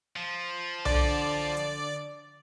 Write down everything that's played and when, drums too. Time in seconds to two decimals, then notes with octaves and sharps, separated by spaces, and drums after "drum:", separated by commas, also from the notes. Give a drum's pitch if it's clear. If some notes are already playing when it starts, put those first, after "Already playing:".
0.16 F3
0.85 D3 D5, drum: tom B1
1.57 drum: hi-hat